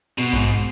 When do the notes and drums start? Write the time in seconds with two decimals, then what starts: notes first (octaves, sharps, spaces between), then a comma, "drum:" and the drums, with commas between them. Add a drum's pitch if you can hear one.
0.18 B2
0.33 G#2, drum: kick A#1